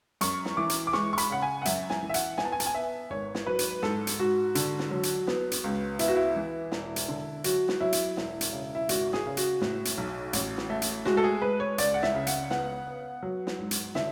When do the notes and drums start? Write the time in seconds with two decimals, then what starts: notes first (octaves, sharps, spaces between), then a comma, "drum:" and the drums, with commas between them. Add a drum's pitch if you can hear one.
0.21 F#2 C#6, drum: hi-hat
0.45 drum: snare
0.57 E3 D6
0.70 drum: hi-hat
0.87 D6
0.93 G#3 C#6, drum: snare
1.13 C#6
1.18 B5, drum: hi-hat
1.30 C#3 F#5
1.42 G#5
1.62 F#5
1.65 F#2 E5, drum: hi-hat
1.90 G#5, drum: snare
2.03 E3
2.09 E5
2.14 F#5, drum: hi-hat
2.38 B3 G#5, drum: snare
2.45 A5
2.52 G#5
2.60 A5, drum: hi-hat
2.66 G#5
2.74 B3 E5
3.10 G#1 C#5
3.35 drum: snare
3.46 F#3 B4
3.59 drum: hi-hat
3.82 G#2 A4, drum: snare
4.07 drum: hi-hat
4.19 G#2 F#4
4.55 D3, drum: hi-hat
4.79 drum: snare
4.91 F#3
5.03 drum: hi-hat
5.27 B3, drum: snare
5.51 drum: hi-hat
5.64 C#2
5.99 B3 E4, drum: hi-hat
6.08 F#4
6.15 E4
6.36 E3
6.72 E1, drum: snare
6.96 drum: hi-hat
7.09 D3
7.44 F#3 F#4, drum: hi-hat
7.68 drum: snare
7.80 F#3 E4
7.92 drum: hi-hat
8.17 E1, drum: snare
8.41 drum: hi-hat
8.52 C#3
8.75 E4
8.89 G#1 F#4, drum: hi-hat
9.13 G#4, drum: snare
9.26 C#3
9.37 F#4, drum: hi-hat
9.61 A2, drum: snare
9.85 drum: hi-hat
9.98 B1
10.33 A1, drum: hi-hat
10.58 drum: snare
10.70 A3
10.82 drum: hi-hat
11.05 G#3 F#4, drum: snare
11.17 A4
11.24 G#4
11.42 G#3 B4
11.60 C#5
11.78 C#2 D5, drum: hi-hat
11.94 F#5
12.03 E5, drum: snare
12.14 C#3
12.27 F#5, drum: hi-hat
12.50 B3 F#5, drum: snare
12.87 B3
13.23 F#3
13.47 drum: snare
13.59 G#2
13.71 drum: hi-hat
13.95 D3 E5, drum: snare